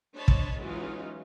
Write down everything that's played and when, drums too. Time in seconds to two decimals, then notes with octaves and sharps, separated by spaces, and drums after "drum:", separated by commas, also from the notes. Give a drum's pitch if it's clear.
0.15 D4 C5 C#5 D#5 A5 B5
0.28 drum: kick
0.58 E3 F#3 G#3 C#4 D#4 F4